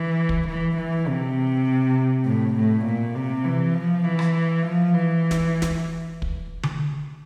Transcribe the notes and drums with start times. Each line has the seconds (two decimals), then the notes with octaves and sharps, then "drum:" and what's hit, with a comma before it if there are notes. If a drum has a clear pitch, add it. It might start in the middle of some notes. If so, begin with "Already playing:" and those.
Already playing: E3
0.29 drum: kick
0.47 E3
0.77 E3
1.07 C3
2.25 A2
2.56 A2
2.85 A#2
3.15 C3
3.44 E3
3.74 F3
4.05 E3
4.19 drum: rim click
4.63 F3
4.93 E3
5.31 drum: snare
5.62 drum: snare
6.22 drum: kick
6.63 drum: tom D3